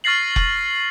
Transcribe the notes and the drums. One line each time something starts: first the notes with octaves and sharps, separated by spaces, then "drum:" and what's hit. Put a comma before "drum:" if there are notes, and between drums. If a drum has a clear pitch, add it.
C#6 F6 A6 A#6 C7 F#7
drum: kick F1